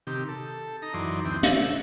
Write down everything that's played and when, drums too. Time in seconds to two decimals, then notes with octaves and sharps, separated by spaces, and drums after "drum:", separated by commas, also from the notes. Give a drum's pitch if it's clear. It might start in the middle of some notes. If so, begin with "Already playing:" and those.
0.07 C3 D#3 G4
0.28 A4
0.82 D#4 A#5
0.94 F#2 E3 D#4 D5 C6
1.25 D2 E3 C4 G5
1.43 E6, drum: hi-hat